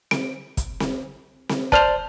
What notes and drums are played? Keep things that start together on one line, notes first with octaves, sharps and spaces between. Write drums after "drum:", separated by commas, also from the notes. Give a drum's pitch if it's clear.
D7, drum: snare C4
drum: kick, hi-hat
drum: snare C4
drum: snare C4
C5 D5 A5 F6 F7, drum: kick